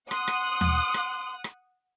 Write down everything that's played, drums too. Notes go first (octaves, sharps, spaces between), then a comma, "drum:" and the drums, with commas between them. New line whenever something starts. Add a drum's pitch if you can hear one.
F#5 C6 D#6 F#6, drum: rim click
drum: rim click
drum: tom D#2
drum: rim click
drum: rim click